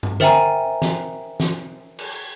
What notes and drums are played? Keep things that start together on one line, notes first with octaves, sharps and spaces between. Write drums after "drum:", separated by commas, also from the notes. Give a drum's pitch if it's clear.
drum: tom
A#4 C5 E5 G5 G#5 A#5, drum: tom D3
drum: snare
drum: snare
drum: cymbal